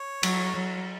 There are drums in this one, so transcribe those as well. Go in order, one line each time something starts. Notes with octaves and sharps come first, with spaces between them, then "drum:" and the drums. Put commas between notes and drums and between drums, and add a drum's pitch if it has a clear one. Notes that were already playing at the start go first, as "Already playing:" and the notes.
Already playing: C#5
F#3, drum: cymbal
F#3